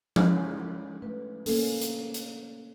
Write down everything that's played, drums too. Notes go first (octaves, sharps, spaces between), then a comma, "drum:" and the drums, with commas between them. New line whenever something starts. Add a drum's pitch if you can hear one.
G#3 C#4, drum: tom F3
A3 B4
A#3 C#4 A4, drum: open hi-hat
drum: hi-hat
drum: hi-hat